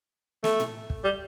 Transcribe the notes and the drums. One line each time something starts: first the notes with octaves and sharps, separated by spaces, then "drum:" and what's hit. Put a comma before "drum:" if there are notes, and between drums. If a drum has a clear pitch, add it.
A3, drum: snare
drum: tom A2
drum: kick
G3